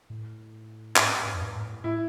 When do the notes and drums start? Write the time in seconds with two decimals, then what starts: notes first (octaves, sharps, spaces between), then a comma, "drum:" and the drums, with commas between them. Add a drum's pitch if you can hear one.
0.10 A2
0.96 G#2, drum: clap
1.25 G#2
1.34 F2
1.42 G#2
1.55 A2
1.84 A2 E4